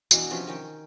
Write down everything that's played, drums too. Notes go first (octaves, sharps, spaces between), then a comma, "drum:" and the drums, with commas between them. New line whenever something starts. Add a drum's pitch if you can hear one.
B2 E3 D4, drum: tambourine
C3 F3 C#4 D4
D#3 C#4 G5